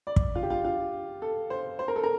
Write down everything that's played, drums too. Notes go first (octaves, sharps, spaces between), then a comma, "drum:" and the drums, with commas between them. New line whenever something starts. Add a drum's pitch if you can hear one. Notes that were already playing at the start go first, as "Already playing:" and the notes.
D5
drum: kick
F4
G4
F4
F4
A4
C5
C5
A#4
A4
A#4